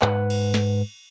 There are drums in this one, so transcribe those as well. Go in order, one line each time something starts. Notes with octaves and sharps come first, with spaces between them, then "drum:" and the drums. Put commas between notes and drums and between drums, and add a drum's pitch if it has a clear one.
G#2 B4 F#5, drum: clap
drum: cymbal
drum: snare